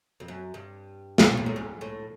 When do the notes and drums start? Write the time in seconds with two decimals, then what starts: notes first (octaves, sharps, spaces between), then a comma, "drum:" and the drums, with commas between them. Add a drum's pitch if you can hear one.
0.20 F2
0.28 F#2
0.54 G2
1.18 C3, drum: snare
1.27 B2
1.37 A#2
1.46 A2
1.56 G#2
1.81 A2